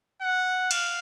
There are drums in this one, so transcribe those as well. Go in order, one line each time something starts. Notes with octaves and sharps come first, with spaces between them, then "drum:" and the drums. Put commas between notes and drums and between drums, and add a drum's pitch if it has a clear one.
F#5
F5, drum: cymbal